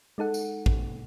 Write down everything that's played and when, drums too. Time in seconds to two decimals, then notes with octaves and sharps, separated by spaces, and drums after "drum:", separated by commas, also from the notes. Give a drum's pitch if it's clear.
0.18 G#3 D#4 A4 F#5
0.34 drum: tambourine
0.66 drum: kick